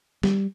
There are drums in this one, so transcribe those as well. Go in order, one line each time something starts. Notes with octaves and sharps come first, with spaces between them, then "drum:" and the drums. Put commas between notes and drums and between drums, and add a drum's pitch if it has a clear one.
G3, drum: snare